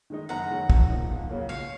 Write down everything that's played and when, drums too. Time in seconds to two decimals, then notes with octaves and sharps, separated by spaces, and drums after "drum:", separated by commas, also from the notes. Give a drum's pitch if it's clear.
0.10 D#3 G#3 D#4
0.29 F#1 F#5 A#5
0.50 F#2 D#3 G#3
0.70 F2, drum: kick
0.90 F3 A#3 D#4
1.09 C#2
1.29 C#3 F#3 A#3
1.49 C#2 C#5 F5